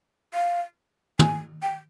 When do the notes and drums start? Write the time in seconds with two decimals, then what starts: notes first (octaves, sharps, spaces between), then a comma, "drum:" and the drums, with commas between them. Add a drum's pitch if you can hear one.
0.34 F5
1.19 G#5, drum: tom
1.62 G5